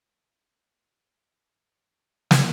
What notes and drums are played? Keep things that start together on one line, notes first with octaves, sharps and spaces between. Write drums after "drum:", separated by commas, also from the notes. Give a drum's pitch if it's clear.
G#2
G#2
F#2
G#2
drum: snare